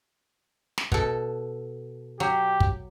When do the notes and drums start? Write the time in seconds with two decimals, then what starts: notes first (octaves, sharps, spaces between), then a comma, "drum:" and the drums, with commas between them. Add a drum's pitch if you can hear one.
0.78 drum: snare
0.92 B2 A4, drum: kick
2.20 F#3 G4
2.60 drum: kick